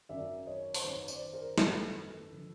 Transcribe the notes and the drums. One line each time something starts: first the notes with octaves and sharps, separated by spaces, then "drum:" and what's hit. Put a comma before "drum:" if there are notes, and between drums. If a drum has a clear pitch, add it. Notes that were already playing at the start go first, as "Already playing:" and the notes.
G#1 F#2 D#3 D5 E5
C#5 D#5
C5, drum: open hi-hat
G#1 F#2 D#3 B4 C#5
C5 D5, drum: tambourine
A#4 C5
G#1 F#2 D#3 A4 B4, drum: snare
D3 F3